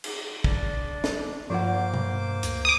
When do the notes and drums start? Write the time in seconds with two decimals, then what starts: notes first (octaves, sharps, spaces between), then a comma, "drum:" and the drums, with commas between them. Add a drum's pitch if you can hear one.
0.04 drum: cymbal
0.44 D4, drum: kick
1.04 drum: snare
1.50 G2 F3 A#3 F4 C5 F#5 D6
1.94 drum: tom
2.43 D2, drum: hi-hat
2.65 D6 D#6